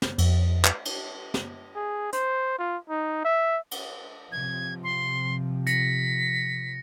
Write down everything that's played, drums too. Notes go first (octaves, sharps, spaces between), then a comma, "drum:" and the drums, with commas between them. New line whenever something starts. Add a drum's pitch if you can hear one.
drum: snare
F2, drum: cymbal
drum: clap
drum: cymbal
drum: snare
G#4
C5, drum: hi-hat
F4
D#4
E5
drum: cymbal
C3 F3 G#6
C6
A#6 B6 C#7, drum: hi-hat